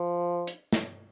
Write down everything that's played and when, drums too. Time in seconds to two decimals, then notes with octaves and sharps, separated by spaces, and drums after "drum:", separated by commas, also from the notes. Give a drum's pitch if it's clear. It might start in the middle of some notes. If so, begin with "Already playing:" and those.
Already playing: F3
0.47 drum: hi-hat
0.73 drum: snare